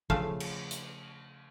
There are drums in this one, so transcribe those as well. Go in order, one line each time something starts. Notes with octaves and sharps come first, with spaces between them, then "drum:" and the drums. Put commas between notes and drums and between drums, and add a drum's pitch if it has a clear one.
C#3 F3 A3 F5, drum: kick
drum: cymbal
drum: hi-hat